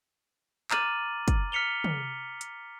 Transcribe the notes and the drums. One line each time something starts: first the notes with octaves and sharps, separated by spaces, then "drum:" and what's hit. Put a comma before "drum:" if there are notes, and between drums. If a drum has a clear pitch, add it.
A#5 D6 F6 A6 D#7 F#7, drum: clap
drum: kick, hi-hat
F6 B6 C#7 F7 G7
drum: tom
drum: hi-hat